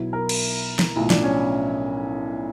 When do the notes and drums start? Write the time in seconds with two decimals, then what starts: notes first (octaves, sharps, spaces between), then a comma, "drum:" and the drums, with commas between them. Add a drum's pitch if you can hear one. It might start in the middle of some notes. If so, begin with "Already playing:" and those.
Already playing: B1 B2 F#3 E4
0.13 A#4
0.29 drum: cymbal
0.79 drum: snare
0.96 B1 A2 F3 E4
1.10 D4, drum: snare
1.24 C#4